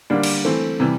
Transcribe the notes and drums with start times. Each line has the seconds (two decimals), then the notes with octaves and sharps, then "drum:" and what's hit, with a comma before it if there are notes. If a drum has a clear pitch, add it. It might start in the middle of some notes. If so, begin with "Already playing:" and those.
0.10 D3 G3 A#3 D4
0.23 drum: cymbal
0.45 E3 A3 C4
0.80 C3 E3 G3